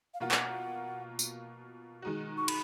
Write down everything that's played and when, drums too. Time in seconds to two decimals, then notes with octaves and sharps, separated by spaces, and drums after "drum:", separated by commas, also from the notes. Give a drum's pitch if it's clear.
0.14 F5
0.20 B2 A#3 F4 F#5
0.31 drum: clap
1.19 drum: tambourine
2.02 D#3 G#3 D#4 F#4
2.37 C#6
2.48 B5, drum: cymbal